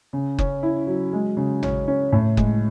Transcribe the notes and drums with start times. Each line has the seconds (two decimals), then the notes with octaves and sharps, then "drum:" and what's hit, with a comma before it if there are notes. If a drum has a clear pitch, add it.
0.13 C#3
0.39 C#4, drum: kick F#1
0.63 E4
0.87 F#3
1.13 G#3
1.37 C#3
1.63 C#4, drum: tom
1.88 C#4
2.13 A2
2.37 G#3, drum: kick F#1